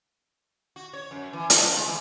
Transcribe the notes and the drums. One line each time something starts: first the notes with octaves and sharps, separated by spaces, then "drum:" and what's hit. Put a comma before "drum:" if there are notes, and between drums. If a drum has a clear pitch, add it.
F#4
C#5
F#2
E3
F3, drum: hi-hat
G#3
E3